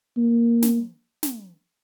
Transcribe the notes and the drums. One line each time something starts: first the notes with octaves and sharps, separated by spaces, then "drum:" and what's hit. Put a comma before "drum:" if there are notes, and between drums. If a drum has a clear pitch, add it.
A#3
drum: snare
drum: snare